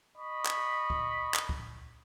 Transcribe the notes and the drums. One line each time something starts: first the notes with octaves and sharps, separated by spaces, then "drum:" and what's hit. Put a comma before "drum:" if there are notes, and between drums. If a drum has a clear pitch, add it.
D#5 B5 C#6
drum: clap
drum: kick
drum: clap
drum: kick